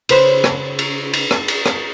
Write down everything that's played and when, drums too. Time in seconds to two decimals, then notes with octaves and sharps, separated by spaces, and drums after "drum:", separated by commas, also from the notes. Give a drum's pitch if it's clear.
0.09 C#3 B4 C5, drum: cymbal
0.44 drum: rim click
0.79 drum: cymbal
1.13 drum: cymbal
1.31 drum: rim click
1.48 drum: cymbal
1.66 drum: rim click